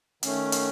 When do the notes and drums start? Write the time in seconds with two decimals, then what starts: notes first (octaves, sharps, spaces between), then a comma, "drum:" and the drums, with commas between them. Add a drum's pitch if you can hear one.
0.23 D#3 A3 C#4, drum: hi-hat
0.52 drum: hi-hat